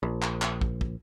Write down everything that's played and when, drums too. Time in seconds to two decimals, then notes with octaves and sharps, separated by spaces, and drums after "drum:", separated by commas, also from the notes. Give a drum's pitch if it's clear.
0.03 A#1
0.22 drum: clap
0.42 drum: clap
0.61 drum: kick
0.81 drum: kick